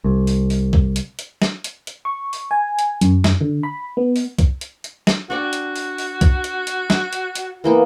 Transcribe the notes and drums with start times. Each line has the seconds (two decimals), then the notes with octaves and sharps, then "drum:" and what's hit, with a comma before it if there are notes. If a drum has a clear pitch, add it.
0.04 C2
0.27 drum: open hi-hat
0.50 drum: open hi-hat
0.73 drum: kick C2
0.96 drum: hi-hat
1.19 drum: hi-hat
1.42 drum: snare
1.64 drum: hi-hat
1.87 drum: hi-hat
2.05 C#6
2.33 drum: open hi-hat
2.51 G#5
2.79 drum: hi-hat
3.01 F#2, drum: hi-hat
3.24 drum: snare
3.41 D3
3.63 B5
3.97 B3
4.16 drum: open hi-hat
4.39 drum: kick C2, hi-hat
4.61 drum: hi-hat
4.84 drum: hi-hat
5.07 drum: snare
5.30 D4 F#4 D5 G5
5.53 drum: hi-hat
5.76 drum: open hi-hat
5.98 drum: open hi-hat
6.21 drum: kick C2, hi-hat
6.44 drum: hi-hat
6.67 drum: hi-hat
6.90 drum: snare
7.13 drum: hi-hat
7.35 drum: hi-hat
7.64 E3 A#3 B3